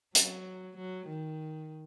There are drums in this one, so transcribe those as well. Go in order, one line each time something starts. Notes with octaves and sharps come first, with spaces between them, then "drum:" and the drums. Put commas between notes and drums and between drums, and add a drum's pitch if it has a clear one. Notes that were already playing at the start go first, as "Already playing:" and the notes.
F#3, drum: hi-hat
F#3
D#3